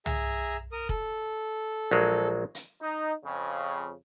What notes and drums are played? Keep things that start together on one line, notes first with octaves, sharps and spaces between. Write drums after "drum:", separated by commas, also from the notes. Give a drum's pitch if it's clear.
G#4 E5 A#5, drum: tom C2
A#4 D#6
A4, drum: kick
A#1 F#3 G#3
drum: hi-hat
D#4
F2 C#3